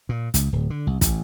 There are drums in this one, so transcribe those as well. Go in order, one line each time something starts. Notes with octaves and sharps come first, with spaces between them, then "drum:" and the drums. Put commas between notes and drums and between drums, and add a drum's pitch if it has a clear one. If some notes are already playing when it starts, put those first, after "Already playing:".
A#2
C#2, drum: hi-hat
D1
D3
C2
A1, drum: kick, hi-hat